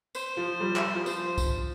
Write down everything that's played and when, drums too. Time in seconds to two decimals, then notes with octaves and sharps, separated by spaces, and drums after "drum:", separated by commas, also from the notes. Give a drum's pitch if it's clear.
0.15 C5, drum: tambourine
0.37 F3
0.60 G3
0.76 drum: clap
0.95 F3
1.06 C5, drum: tambourine
1.38 drum: kick, tambourine